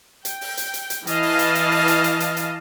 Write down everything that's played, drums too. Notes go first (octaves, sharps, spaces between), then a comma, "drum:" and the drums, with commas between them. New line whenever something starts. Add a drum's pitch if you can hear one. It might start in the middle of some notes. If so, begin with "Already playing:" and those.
G5, drum: hi-hat
drum: open hi-hat
drum: hi-hat
drum: hi-hat
drum: hi-hat
E3 D#5 F5 A5, drum: hi-hat
drum: open hi-hat
drum: hi-hat
drum: hi-hat
drum: open hi-hat
drum: hi-hat
drum: hi-hat
drum: hi-hat
drum: hi-hat